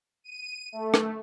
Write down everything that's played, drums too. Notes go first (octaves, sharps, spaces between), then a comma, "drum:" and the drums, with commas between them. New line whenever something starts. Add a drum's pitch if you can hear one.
D#7
A3
drum: rim click